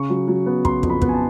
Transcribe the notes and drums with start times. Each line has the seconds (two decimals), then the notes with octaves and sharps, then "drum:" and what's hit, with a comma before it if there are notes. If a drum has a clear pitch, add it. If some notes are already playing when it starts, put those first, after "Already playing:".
Already playing: C#3 C#6
0.10 F#3
0.28 F#3
0.46 B3
0.65 C#3 C6, drum: kick
0.83 F2, drum: kick
0.90 B5
1.02 B3, drum: kick
1.09 G#5
1.14 A5